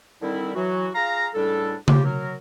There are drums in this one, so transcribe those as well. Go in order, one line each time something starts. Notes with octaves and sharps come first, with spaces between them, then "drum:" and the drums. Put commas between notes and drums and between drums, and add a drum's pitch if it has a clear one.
D3 D#3 G3 C4 E4
E3 F#3 F#4
F4 G#4 F5 A#5
C#2 A2 G3 D4 A4
C#3 G3 A#3 F4 G4, drum: tom C#3
F#3 A#4